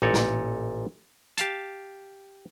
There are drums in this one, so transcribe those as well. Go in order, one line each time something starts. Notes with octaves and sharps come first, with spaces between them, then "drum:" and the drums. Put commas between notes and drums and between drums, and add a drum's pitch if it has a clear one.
A1 A#2 D#4 A4 C#5 D5
drum: snare
G4 F5 A5, drum: hi-hat